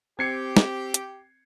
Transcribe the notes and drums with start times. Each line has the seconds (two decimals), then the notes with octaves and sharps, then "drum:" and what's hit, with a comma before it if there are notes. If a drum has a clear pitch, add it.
0.19 C4 G4 G#6 C7 C#7
0.57 drum: snare
0.94 drum: hi-hat